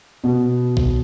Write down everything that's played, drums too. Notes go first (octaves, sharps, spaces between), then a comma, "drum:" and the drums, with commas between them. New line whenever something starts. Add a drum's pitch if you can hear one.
B2
drum: kick A#1